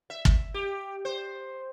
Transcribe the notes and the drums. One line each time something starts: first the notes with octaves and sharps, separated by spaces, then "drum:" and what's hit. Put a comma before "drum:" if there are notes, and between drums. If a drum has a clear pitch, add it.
E5
drum: kick
G4
C5